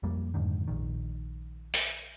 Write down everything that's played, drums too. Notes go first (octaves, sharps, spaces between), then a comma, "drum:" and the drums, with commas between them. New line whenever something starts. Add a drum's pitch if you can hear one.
F2 F3 G3 A#3
F2 G#2 D3 D#3
A#1 D#3
drum: open hi-hat